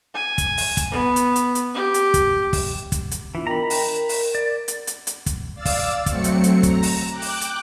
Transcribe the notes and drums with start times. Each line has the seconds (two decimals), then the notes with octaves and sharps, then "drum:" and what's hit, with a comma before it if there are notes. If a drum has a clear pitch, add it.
0.14 G#5
0.38 drum: kick, hi-hat
0.57 drum: open hi-hat
0.77 drum: kick, hi-hat
0.91 B3
1.16 drum: hi-hat
1.36 drum: hi-hat
1.55 drum: hi-hat
1.74 G4
1.94 drum: hi-hat
2.14 drum: kick, hi-hat
2.53 drum: kick, open hi-hat
2.92 drum: kick, hi-hat
3.11 drum: hi-hat
3.35 E3 B3 D4 F4
3.47 A#4 D#5 G5 A#5 B5
3.70 drum: open hi-hat
3.85 A#4
4.09 drum: open hi-hat
4.35 D5
4.68 drum: hi-hat
4.87 drum: hi-hat
5.07 drum: hi-hat
5.26 drum: kick, hi-hat
5.54 D5 F5 E6 A6
5.65 drum: kick, open hi-hat
6.06 F#3 A3 C4 C#7, drum: kick, hi-hat
6.24 drum: hi-hat
6.44 drum: hi-hat
6.63 A#5, drum: kick, hi-hat
6.83 drum: open hi-hat
7.09 G5 D6 F#6
7.22 drum: open hi-hat
7.41 drum: hi-hat